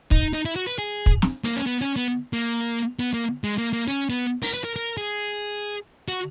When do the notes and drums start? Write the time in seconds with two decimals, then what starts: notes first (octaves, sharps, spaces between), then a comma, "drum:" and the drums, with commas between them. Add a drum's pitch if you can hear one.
0.11 D#4, drum: kick
0.33 D#4
0.45 E4
0.56 F#4
0.67 B4
0.78 G#4
1.06 drum: kick
1.22 drum: snare
1.44 A#3, drum: hi-hat
1.56 C#4
1.66 B3
1.81 C#4
1.96 B3
2.33 A#3
2.99 B3
3.14 A#3
3.44 G#3
3.58 A#3
3.73 A#3
3.88 C#4
4.10 B3
4.43 A#4, drum: open hi-hat
4.54 B4
4.64 A#4
4.76 A#4
4.98 G#4
6.08 F#4